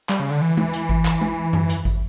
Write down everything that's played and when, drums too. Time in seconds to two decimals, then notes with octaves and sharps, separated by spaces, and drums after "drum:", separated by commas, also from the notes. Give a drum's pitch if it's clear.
0.09 G3, drum: clap
0.20 C#3
0.30 D3
0.41 E3
0.57 drum: tom G#3
0.73 drum: hi-hat
0.89 drum: kick G#1
1.05 drum: clap
1.21 drum: tom G#3
1.53 drum: tom F#2
1.69 drum: hi-hat
1.85 drum: kick G#1